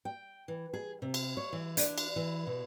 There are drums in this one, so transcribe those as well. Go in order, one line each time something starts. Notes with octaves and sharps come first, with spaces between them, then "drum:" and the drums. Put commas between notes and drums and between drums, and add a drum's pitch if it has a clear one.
G5
E3
G#4
C3
drum: cymbal
C#5
E3
D4, drum: hi-hat
drum: cymbal
E3
B2